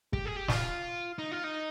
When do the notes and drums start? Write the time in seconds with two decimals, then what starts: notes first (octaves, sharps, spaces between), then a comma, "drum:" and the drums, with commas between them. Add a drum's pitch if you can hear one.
0.13 G4, drum: kick
0.25 G#4
0.36 G4
0.48 F4, drum: snare
1.18 D#4
1.31 F4
1.44 D#4